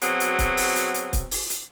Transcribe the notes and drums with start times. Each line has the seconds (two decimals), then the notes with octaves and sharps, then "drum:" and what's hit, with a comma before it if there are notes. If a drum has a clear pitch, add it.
0.01 B2 F#3 C4 G#4, drum: hi-hat
0.20 drum: hi-hat
0.39 drum: kick C#1, hi-hat
0.57 drum: open hi-hat
0.76 drum: hi-hat
0.94 drum: hi-hat
1.13 drum: kick C#1, hi-hat
1.31 drum: open hi-hat
1.50 drum: hi-hat